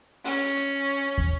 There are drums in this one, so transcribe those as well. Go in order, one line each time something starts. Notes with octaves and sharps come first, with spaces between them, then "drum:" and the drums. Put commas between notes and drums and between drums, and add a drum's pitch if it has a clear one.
C#4, drum: open hi-hat
drum: hi-hat
drum: kick